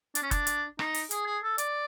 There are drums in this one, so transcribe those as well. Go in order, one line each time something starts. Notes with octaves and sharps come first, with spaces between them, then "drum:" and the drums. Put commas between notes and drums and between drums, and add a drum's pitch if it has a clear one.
D4, drum: hi-hat
C#4
D4, drum: kick F#1, hi-hat
drum: hi-hat
D#4, drum: rim click
drum: open hi-hat
G#4, drum: hi-hat
G#4
A4
D5, drum: hi-hat